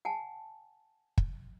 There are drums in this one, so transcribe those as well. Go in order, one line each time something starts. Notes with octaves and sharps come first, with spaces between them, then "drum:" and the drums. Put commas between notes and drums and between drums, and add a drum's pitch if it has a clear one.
F#5 G#5 A5
drum: kick